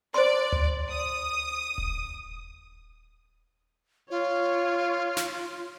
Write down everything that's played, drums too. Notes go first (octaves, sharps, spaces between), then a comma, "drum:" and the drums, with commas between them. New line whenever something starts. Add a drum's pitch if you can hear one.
C5 D5 C6
drum: tom D2
D#6
drum: kick D#1
F4 C#5
drum: snare